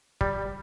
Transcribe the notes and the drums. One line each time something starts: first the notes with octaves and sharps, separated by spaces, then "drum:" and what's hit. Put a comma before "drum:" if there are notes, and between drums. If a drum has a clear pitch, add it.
G3, drum: kick